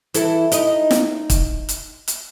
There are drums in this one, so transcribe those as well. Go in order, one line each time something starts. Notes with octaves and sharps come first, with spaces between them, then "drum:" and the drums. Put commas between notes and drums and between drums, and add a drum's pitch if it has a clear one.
E3 E4 A4, drum: hi-hat
D#4 E4 D#5, drum: hi-hat
drum: snare
drum: kick, hi-hat
drum: hi-hat
drum: hi-hat